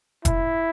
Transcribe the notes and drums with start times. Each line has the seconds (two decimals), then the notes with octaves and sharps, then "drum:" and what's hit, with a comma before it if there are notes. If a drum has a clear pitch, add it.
0.25 E4, drum: kick F1, hi-hat